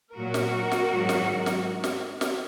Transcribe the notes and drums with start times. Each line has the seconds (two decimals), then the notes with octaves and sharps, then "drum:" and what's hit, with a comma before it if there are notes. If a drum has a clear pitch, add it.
0.15 A#2 F#3 F#4 A#4
0.34 drum: snare
0.72 drum: snare
0.90 G#2 D#3 F#3
1.09 drum: snare
1.46 drum: snare
1.84 drum: snare
2.21 drum: snare